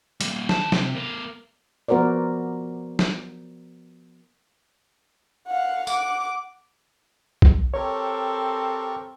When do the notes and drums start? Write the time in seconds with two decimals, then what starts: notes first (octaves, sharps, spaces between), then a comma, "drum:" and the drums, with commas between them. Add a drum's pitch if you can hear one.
0.21 G3 A#3, drum: hi-hat
0.49 D#2 A5, drum: snare
0.72 C3, drum: snare
0.95 B3 A#4
1.88 F3 B3 F#4 A#4 C5 D5
2.99 drum: snare
5.48 F5 F#5
5.87 F#5 D6, drum: tambourine
7.42 drum: kick B1
7.74 C4 G4 A4 A#4 C#5 C#6